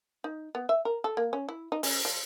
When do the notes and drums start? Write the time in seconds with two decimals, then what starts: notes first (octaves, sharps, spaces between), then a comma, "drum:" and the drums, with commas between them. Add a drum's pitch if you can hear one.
0.24 D#4
0.55 B3
0.69 E5
0.85 A#4
1.04 A4
1.17 A#3
1.33 C#4
1.49 E4
1.72 D#4
1.83 C#4, drum: open hi-hat
2.05 F3